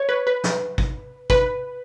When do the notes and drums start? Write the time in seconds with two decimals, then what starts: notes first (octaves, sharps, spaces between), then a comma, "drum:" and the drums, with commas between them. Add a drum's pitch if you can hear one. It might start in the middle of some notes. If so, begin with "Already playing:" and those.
Already playing: C#5
0.09 B4
0.27 B4
0.44 drum: snare
0.78 drum: kick
1.30 B4, drum: kick